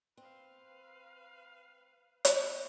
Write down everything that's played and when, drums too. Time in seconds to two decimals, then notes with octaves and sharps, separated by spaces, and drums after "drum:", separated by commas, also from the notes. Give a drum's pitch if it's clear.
0.17 C4 B4 F5
2.25 drum: hi-hat